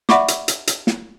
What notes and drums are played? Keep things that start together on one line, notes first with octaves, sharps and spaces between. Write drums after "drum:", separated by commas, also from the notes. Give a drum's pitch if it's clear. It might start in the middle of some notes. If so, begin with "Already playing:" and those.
D5 E5 F#5 B5 C#6 D6, drum: snare
drum: hi-hat
drum: hi-hat
drum: hi-hat
drum: snare